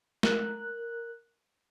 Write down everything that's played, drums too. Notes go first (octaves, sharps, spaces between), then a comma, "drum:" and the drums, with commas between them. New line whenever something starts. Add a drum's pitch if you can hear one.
A#4 F#6, drum: snare